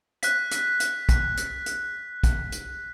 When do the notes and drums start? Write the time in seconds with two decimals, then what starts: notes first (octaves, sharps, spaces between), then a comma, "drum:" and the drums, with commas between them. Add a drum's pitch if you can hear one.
0.23 F#6 B6, drum: hi-hat
0.51 drum: hi-hat
0.80 drum: hi-hat
1.09 drum: kick, hi-hat
1.37 drum: hi-hat
1.66 drum: hi-hat
2.23 drum: kick, hi-hat
2.52 drum: hi-hat